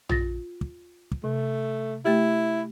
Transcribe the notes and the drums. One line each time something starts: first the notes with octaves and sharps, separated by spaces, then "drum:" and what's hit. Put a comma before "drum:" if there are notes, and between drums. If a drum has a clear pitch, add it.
F4 A6 A#6, drum: tom A#1
drum: kick
drum: kick
C3 A3
A3 E4 G4